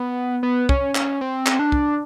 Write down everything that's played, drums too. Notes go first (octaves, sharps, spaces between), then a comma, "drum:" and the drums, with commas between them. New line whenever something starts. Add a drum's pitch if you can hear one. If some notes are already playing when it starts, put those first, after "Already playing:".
Already playing: B3
B3
C#4, drum: kick
C#4, drum: clap
C4
drum: clap
D4
drum: kick